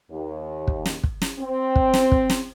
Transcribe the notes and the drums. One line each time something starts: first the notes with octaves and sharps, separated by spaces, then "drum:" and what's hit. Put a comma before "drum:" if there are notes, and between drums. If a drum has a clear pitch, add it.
D#2
drum: kick
drum: snare
drum: kick
drum: snare
C4
drum: kick
drum: snare
drum: kick
drum: snare